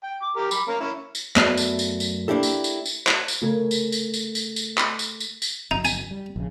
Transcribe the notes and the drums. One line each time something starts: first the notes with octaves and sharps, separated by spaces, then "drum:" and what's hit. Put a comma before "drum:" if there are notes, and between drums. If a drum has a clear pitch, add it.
G5
D6
G4 A#4
B5 D6, drum: tambourine
A#3 C#4 A#4
C#4 E4
drum: tambourine
F#2 A3 B3 D5 E5 A5, drum: clap
drum: tambourine
drum: tambourine
drum: tambourine
A#3 D4 E4 G4 A4
drum: tambourine
drum: tambourine
drum: tambourine
drum: clap
drum: tambourine
C#3 A3 A#4 C#5
drum: tambourine
drum: tambourine
drum: tambourine
drum: tambourine
drum: tambourine
drum: clap
drum: tambourine
drum: tambourine
drum: tambourine
F#1 F#2 D#4
G#5, drum: tambourine
G3
A#1 C#3